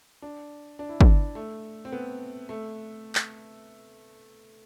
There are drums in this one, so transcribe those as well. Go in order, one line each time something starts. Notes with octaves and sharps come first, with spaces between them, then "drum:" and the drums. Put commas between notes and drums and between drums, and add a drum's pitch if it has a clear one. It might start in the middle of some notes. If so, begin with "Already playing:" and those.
D4
D4
E4
D4, drum: kick
A3
C4
B3
A3
drum: clap